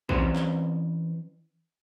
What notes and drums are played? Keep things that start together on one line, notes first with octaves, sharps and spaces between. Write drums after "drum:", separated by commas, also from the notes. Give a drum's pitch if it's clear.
E3 C4 C#4 B4 C5 C6, drum: kick
drum: clap